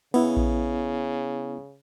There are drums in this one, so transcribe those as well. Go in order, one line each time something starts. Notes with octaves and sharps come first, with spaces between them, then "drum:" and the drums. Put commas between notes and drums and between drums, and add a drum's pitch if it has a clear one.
C#3 B3 E4, drum: cymbal
drum: kick A#1